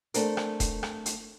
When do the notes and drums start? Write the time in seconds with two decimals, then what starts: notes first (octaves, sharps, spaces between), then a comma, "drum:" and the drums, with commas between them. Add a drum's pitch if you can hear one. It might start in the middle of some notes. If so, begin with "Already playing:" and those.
0.14 A3 C4 D4 A#4, drum: hi-hat
0.37 drum: rim click
0.60 drum: kick E1, hi-hat
0.83 drum: rim click
1.06 drum: hi-hat